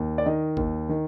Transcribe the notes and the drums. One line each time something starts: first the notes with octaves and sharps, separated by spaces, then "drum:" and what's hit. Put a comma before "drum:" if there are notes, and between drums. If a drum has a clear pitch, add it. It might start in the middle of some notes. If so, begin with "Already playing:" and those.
Already playing: D#2
D5
D#3 D#5
D#2, drum: kick G#1
D#3